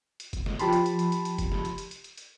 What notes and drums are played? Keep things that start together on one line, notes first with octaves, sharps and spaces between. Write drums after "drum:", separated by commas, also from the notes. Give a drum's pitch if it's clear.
drum: hi-hat
drum: kick, hi-hat
drum: snare
F3 G4 A5 B5 C6, drum: hi-hat
drum: hi-hat
drum: hi-hat
drum: hi-hat
drum: hi-hat
drum: hi-hat
drum: kick, hi-hat
drum: snare
drum: hi-hat
drum: hi-hat
drum: hi-hat
drum: hi-hat
drum: hi-hat